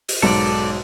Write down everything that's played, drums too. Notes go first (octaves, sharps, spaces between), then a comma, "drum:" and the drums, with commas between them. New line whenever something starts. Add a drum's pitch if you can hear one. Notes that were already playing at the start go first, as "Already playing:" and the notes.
drum: open hi-hat
B1 G#2 A4 D5